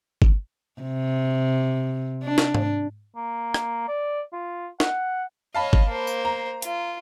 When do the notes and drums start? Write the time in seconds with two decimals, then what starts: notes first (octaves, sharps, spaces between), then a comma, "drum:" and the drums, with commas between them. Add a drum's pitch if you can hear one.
0.22 drum: kick G1
0.82 C3
2.24 D4
2.38 drum: snare
2.55 drum: tom G#2
3.16 A#3
3.54 drum: rim click
3.88 D5
4.33 F4
4.80 F#5, drum: snare
5.54 C#5 D#5 F5 A5 B5
5.73 drum: kick G1
5.89 A#3 C5
6.07 drum: tambourine
6.25 A#5
6.62 F4, drum: hi-hat